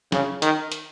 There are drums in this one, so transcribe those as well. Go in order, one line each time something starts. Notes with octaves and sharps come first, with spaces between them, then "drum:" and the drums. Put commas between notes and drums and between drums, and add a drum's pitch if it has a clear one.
C#3, drum: snare
D#3, drum: hi-hat
drum: hi-hat